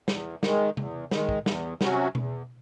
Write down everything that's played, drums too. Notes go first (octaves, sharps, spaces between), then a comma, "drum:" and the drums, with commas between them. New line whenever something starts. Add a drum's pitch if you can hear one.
E2, drum: snare
D#3 G#3, drum: snare
E2, drum: tom C3
D#3 G#3, drum: snare
drum: kick
E2, drum: snare
C3 F#3 C#4 F#4, drum: snare
E2, drum: tom B2